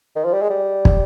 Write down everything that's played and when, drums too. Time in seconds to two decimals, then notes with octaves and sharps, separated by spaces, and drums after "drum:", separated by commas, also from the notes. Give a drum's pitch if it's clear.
0.16 D#3
0.24 F3
0.33 G3
0.42 G#3
0.50 G3
0.85 drum: kick